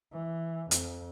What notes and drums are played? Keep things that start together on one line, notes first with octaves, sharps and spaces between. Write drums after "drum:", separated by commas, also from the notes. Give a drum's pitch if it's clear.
E3
F2, drum: hi-hat